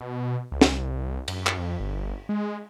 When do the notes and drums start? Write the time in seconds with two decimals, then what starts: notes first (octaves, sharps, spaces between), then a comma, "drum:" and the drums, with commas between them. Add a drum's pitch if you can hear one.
0.01 B2
0.52 C#2
0.61 drum: snare
0.72 C2
1.28 F#2, drum: cymbal
1.46 drum: clap
1.58 F2
1.80 G1
2.29 G#3